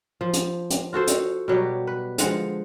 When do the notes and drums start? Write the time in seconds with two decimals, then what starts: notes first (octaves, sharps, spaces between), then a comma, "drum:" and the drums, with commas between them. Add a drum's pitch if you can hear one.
0.21 F3
0.33 drum: hi-hat
0.70 drum: hi-hat
0.93 F4 F#4 A4 C5
1.07 drum: hi-hat
1.48 B2 F#3 G3 G4
1.87 B4
2.18 D3 F3 G#3 F#5, drum: hi-hat